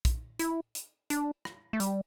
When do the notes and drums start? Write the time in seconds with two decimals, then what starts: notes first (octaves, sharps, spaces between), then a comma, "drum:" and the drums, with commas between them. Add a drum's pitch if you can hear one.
0.05 drum: kick, hi-hat
0.39 E4, drum: hi-hat
0.75 drum: hi-hat
1.10 D4, drum: hi-hat
1.45 drum: rim click
1.73 A3
1.80 G3, drum: hi-hat